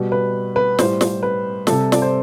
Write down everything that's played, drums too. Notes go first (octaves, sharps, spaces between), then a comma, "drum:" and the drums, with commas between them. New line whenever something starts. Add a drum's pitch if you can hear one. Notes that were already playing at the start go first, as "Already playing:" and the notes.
Already playing: B2 G3
B4
B4
A2 G3 C5, drum: snare
drum: snare
B4
C3 G3 A4, drum: snare
D5, drum: snare
C5